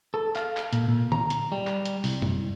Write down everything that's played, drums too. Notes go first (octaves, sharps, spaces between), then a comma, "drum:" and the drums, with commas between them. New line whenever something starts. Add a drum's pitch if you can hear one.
A4
F5, drum: clap
drum: clap
A#2, drum: hi-hat
A#2
A#5, drum: tom
drum: hi-hat
G3
drum: clap
drum: hi-hat
C2, drum: open hi-hat
drum: tom